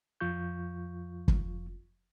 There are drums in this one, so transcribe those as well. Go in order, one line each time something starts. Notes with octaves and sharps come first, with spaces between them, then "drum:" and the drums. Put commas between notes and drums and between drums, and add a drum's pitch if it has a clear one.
F2 F3 F4 C#6 G6
drum: kick